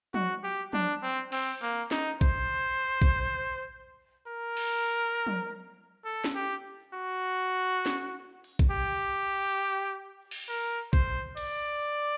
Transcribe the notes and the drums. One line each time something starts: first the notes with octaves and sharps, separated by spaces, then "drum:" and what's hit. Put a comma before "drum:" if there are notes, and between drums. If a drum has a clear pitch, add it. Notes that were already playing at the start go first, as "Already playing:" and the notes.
F#4, drum: tom
G4
D4, drum: tom
C4
C4, drum: cymbal
A#3
D#4, drum: snare
C5, drum: kick A#1
drum: kick A#1
A#4
drum: cymbal
drum: tom
A4
drum: snare
G4
F#4
drum: snare
drum: open hi-hat
drum: kick A#1
G4
drum: cymbal
A#4
C5, drum: kick A#1
D5, drum: cymbal